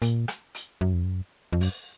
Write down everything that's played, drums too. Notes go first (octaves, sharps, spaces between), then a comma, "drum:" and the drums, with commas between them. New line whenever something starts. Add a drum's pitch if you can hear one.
A#2, drum: hi-hat
drum: rim click
drum: hi-hat
F#2
F2
F#2
F2
F#2, drum: open hi-hat